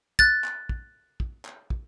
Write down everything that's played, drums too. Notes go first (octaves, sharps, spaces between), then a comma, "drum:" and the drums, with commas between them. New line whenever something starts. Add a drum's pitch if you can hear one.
F#6 A6, drum: kick
drum: clap
drum: kick
drum: kick
drum: clap
drum: kick